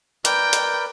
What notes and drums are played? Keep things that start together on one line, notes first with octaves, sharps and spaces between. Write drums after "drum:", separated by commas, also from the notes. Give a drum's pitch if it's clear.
A#4 B4 D5 G5, drum: hi-hat
drum: hi-hat